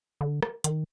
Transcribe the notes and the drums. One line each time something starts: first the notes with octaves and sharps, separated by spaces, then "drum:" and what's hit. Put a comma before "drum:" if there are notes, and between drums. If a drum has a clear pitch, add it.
D3
drum: rim click
D#3, drum: hi-hat